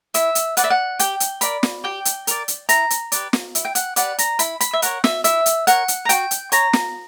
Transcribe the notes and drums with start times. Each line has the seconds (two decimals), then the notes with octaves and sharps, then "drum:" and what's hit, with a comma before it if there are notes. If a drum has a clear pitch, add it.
0.14 E4 E5, drum: hi-hat
0.35 drum: hi-hat
0.57 B4 D5 F#5, drum: hi-hat
0.64 E5
0.70 F#5
0.99 G4 G5, drum: hi-hat
1.20 drum: hi-hat
1.41 A#4 D5 B5, drum: hi-hat
1.63 drum: snare
1.84 G4 G5
2.05 drum: hi-hat
2.27 A#4 D5, drum: hi-hat
2.48 drum: hi-hat
2.69 E4 A#5, drum: hi-hat
2.90 drum: hi-hat
3.12 G4 B4 D5, drum: hi-hat
3.33 drum: snare
3.55 E4, drum: hi-hat
3.65 G5
3.75 F#5, drum: hi-hat
3.96 G4 B4 D5 F#5, drum: hi-hat
4.18 A#5, drum: hi-hat
4.39 E4 B5, drum: hi-hat
4.61 B5, drum: hi-hat
4.73 E5
4.82 A#4 C#5 F#5, drum: hi-hat
5.04 E5, drum: snare
5.24 E4 E5, drum: hi-hat
5.46 drum: hi-hat
5.67 A#4 C#5 F#5, drum: hi-hat
5.88 drum: hi-hat
6.05 A#5
6.09 F#4 G5, drum: hi-hat
6.31 drum: hi-hat
6.52 C#5 A#5, drum: hi-hat
6.73 drum: snare